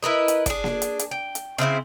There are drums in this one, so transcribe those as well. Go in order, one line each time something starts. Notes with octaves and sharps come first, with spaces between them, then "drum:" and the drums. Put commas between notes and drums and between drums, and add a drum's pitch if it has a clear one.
E4 A#4 B4 D#5
drum: hi-hat
D4 G#4, drum: kick, hi-hat
drum: snare A#3
drum: hi-hat
drum: hi-hat
G5
drum: hi-hat
C#3 C4 E4 C5